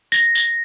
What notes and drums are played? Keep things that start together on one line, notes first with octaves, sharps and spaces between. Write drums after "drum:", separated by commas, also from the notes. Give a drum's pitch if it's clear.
A#6, drum: tambourine
drum: tambourine